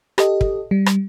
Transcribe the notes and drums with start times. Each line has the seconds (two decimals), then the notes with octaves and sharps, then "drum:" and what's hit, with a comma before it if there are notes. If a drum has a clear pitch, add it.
0.18 G4 A4 D#5, drum: rim click
0.41 drum: kick
0.71 G3
0.86 drum: rim click